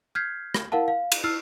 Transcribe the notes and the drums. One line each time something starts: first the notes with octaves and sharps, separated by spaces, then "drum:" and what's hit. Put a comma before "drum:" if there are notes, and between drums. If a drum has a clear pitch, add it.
F6 G6 G#6 B6 C7
drum: rim click
E4 A#4 F5 F#5 A5
F5
drum: cymbal
E4 E6 F6 C7